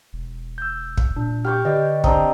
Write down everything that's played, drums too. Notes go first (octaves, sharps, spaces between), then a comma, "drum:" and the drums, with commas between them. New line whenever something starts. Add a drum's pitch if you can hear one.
E1
E6 G6
drum: kick
A#2 D4
G4 C#6 D6 F6 G6
D3 G4 B4 D5 D#5
C4 D4 C5 D#5 A#5 D#6, drum: kick